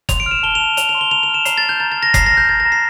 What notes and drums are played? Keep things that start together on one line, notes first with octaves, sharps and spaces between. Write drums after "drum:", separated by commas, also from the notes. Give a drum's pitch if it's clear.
C6 F7, drum: kick F#1, hi-hat
D7
F6
E7
A5 G7
A5 F7
F6 F7, drum: hi-hat
F7
C6
G7
A#5 F7
F7
F6
E7
A#5 C7, drum: hi-hat
A6
F6
G6
A#5 A6
A6
F6
A#6
A#5 C7, drum: kick F#1, hi-hat
A#6
F6
G6
A#5 A6
A#6
A#5
C7